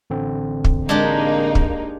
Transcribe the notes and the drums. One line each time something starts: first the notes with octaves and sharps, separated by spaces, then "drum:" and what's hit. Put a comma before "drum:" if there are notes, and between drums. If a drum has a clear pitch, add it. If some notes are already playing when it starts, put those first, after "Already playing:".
A1 D3 C4
drum: kick
G#3 A#3 D4 D#4 G4
drum: kick